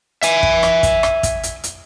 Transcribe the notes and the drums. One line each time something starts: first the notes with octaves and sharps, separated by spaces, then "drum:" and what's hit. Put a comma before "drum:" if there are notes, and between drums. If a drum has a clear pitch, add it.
E5 G#5, drum: hi-hat
drum: kick
drum: rim click
drum: kick, hi-hat
drum: rim click
drum: kick, hi-hat
drum: hi-hat
drum: hi-hat